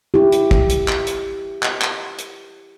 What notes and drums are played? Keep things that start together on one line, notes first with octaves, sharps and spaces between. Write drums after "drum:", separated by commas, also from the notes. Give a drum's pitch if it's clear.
E4 G4
drum: hi-hat
drum: kick
drum: hi-hat
drum: clap
drum: hi-hat
drum: clap
drum: clap
drum: hi-hat